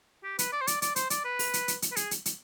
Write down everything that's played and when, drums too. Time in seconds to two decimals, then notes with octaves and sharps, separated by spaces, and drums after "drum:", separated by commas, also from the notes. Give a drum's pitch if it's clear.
0.24 G4
0.39 B4, drum: hi-hat
0.52 D5
0.61 C5
0.67 D5, drum: hi-hat
0.82 D5, drum: hi-hat
0.96 C5, drum: hi-hat
1.10 D5, drum: hi-hat
1.24 B4
1.39 drum: open hi-hat
1.54 drum: hi-hat
1.68 drum: hi-hat
1.82 drum: hi-hat
1.92 B4
1.96 G#4, drum: hi-hat
2.11 drum: hi-hat
2.25 drum: hi-hat